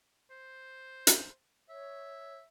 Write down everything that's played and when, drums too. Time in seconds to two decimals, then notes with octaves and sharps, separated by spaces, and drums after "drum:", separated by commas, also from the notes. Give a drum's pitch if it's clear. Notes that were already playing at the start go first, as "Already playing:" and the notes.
0.30 C5
1.07 drum: hi-hat
1.69 C#5 E5